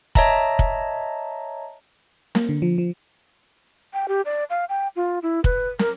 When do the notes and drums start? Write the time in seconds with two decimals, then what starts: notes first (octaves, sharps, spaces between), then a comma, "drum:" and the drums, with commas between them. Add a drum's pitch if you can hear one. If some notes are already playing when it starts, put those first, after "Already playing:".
0.15 C#5 D#5 E5 A5 A#5, drum: kick
0.59 drum: kick
2.35 A#3, drum: snare
2.49 D3
2.62 F3
2.78 F3
3.94 G5
4.08 G4
4.25 D5
4.50 F5
4.69 G5
4.96 F4
5.23 E4
5.44 B4, drum: kick
5.79 A#4, drum: snare